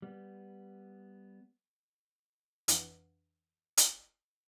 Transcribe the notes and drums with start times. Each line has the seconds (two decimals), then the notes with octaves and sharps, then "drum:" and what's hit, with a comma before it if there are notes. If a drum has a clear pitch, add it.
0.02 G3 B3
2.68 F2 E3 D4 B4 F5 F#5, drum: hi-hat
3.77 drum: hi-hat